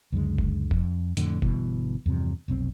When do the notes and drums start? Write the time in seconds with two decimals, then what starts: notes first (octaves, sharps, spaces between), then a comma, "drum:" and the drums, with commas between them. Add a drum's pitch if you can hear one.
0.12 C#2 F#2 D3 G#3
0.38 drum: kick F1
0.71 F2, drum: kick F1
1.17 F2 A2 D3, drum: hi-hat
1.42 G1 G2 B2 E3, drum: kick F1
2.06 E2 G2 C3 F3
2.48 F1 B1 C4